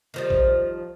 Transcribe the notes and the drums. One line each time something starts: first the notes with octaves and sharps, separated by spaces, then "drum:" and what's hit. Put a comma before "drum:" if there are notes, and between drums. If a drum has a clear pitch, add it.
D#3 F3 G3
drum: kick